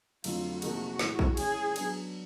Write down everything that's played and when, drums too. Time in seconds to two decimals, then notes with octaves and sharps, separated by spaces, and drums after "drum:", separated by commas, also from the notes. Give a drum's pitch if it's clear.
0.24 F2 D3 F#3 A3 F4, drum: cymbal
0.62 C3 F3 A#3 D#4 F#4 G#4, drum: cymbal
0.99 A2 E3 G#3, drum: snare
1.19 drum: kick
1.37 E3 G#3 C#4 E4 G#4, drum: cymbal
1.76 F#3 B3 D4, drum: cymbal